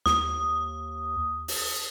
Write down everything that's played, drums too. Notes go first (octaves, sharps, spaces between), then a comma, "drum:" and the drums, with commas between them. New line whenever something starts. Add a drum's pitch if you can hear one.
D#2 D#6, drum: snare
drum: open hi-hat